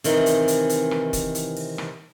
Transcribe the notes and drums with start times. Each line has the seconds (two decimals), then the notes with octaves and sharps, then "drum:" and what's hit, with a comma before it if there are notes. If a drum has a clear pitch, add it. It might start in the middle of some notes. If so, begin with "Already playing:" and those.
0.04 C3 D#3 E3 D#4, drum: hi-hat
0.26 drum: hi-hat
0.48 drum: hi-hat
0.69 drum: hi-hat
0.91 drum: rim click
1.13 drum: kick F1, hi-hat
1.35 drum: hi-hat
1.56 drum: open hi-hat
1.78 drum: rim click